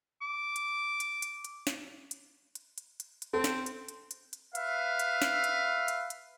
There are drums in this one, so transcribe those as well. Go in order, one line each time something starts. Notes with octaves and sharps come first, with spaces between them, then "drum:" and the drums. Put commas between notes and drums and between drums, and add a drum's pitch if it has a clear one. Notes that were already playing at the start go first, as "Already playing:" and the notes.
D6
drum: hi-hat
drum: hi-hat
drum: hi-hat
drum: hi-hat
drum: snare
drum: hi-hat
drum: hi-hat
drum: hi-hat
drum: hi-hat
drum: hi-hat
C4 A4
drum: snare
drum: hi-hat
drum: hi-hat
drum: hi-hat
drum: hi-hat
B4 E5 F5, drum: hi-hat
drum: hi-hat
drum: snare
drum: hi-hat
drum: hi-hat
drum: hi-hat